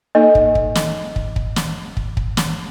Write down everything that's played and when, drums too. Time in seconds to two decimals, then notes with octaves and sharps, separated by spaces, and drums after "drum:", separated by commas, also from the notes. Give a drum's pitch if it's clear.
0.15 A#3 D#4 A4 D#5
0.35 drum: kick
0.55 drum: kick
0.75 drum: snare
1.16 drum: kick
1.36 drum: kick
1.56 drum: snare
1.97 drum: kick
2.17 drum: kick
2.37 drum: snare